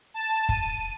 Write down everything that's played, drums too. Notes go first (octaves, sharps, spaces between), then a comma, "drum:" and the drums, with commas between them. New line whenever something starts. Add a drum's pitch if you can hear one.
A5
D#7, drum: kick